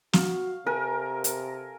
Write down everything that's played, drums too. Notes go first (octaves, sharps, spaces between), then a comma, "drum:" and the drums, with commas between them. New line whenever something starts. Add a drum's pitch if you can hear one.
F#4 F5, drum: snare
C3 A4 A#4 G#5
drum: hi-hat